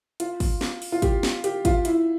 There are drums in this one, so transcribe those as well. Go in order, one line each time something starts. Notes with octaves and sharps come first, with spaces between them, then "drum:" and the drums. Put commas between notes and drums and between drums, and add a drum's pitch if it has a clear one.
F4, drum: hi-hat
drum: kick, open hi-hat
drum: snare
drum: open hi-hat
F4
G4, drum: kick, hi-hat
drum: snare
G4, drum: hi-hat
F4, drum: kick, hi-hat
E4, drum: hi-hat